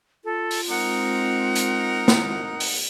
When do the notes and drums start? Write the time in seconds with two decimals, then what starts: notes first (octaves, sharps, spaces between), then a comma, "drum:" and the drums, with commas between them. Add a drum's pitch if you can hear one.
0.25 F4 A4
0.51 drum: open hi-hat
0.70 G#3 C4 D#4 A#4 F#5
1.55 drum: hi-hat
2.08 drum: snare
2.60 drum: open hi-hat